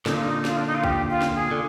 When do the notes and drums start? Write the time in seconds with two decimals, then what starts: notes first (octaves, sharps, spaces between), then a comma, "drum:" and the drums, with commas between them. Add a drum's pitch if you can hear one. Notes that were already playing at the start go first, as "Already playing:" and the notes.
0.06 A#2 D3 D#4, drum: snare
0.14 F4
0.21 D#4
0.45 F4, drum: snare
0.57 D4
0.66 D#4
0.75 F4
0.84 G4, drum: kick B1
1.09 F4
1.22 drum: snare
1.35 G#4
1.51 D3